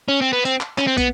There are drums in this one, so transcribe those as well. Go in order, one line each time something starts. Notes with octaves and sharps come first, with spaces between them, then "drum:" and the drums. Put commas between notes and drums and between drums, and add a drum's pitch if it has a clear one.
C#4
C4
B3
C4, drum: hi-hat
drum: clap
C#4, drum: clap
C4
B3, drum: kick, hi-hat